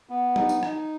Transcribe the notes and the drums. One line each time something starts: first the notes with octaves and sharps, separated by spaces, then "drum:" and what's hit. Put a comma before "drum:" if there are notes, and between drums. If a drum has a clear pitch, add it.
B3
D#4, drum: tom F#3
drum: tambourine
D#4, drum: rim click